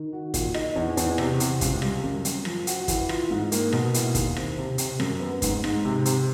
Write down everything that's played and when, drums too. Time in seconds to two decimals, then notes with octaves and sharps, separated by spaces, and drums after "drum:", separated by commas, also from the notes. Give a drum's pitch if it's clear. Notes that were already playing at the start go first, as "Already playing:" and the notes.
Already playing: D#3
0.13 F#4
0.34 A#2, drum: kick, hi-hat
0.54 D#4, drum: rim click
0.76 E2
0.97 E2, drum: hi-hat
1.18 C3, drum: rim click
1.40 C3, drum: hi-hat
1.61 C#2, drum: kick, hi-hat
1.82 G3, drum: rim click
2.04 F#2
2.25 F#2, drum: hi-hat
2.45 F3, drum: rim click
2.67 F#4, drum: hi-hat
2.88 E3, drum: kick, hi-hat
3.09 F4, drum: rim click
3.30 G#2
3.52 A#3, drum: hi-hat
3.73 B2, drum: rim click
3.94 E4, drum: hi-hat
4.15 D#2, drum: kick, hi-hat
4.36 C4, drum: rim click
4.58 C3
4.78 C3, drum: hi-hat
5.00 F#2, drum: rim click
5.20 B3
5.42 G#2, drum: kick, hi-hat
5.64 G#2, drum: rim click
5.85 C3
6.05 C3, drum: hi-hat